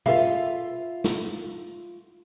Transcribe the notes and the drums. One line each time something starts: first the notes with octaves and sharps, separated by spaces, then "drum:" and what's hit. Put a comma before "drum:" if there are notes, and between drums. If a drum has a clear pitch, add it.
F4 G4 A4 B4 E5 F5, drum: tom B2
drum: snare